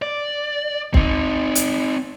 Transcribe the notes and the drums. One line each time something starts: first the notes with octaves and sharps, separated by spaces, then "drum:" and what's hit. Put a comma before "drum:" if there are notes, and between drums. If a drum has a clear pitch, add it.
D5
C4 D#4, drum: kick
drum: hi-hat